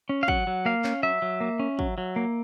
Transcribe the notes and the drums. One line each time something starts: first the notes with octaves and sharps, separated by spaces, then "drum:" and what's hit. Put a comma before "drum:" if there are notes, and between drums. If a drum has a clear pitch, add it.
C#4
F5
F#3 F#5, drum: kick
F#3
A#3 F5
C#4, drum: clap
F#3 E5
F#3
A#3
C#4
F#3, drum: kick
F#3
A#3